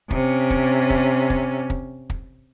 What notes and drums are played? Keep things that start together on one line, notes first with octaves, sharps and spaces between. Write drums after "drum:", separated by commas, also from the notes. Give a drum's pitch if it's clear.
C3 C#4, drum: kick
drum: kick
drum: kick
drum: kick
drum: kick
drum: kick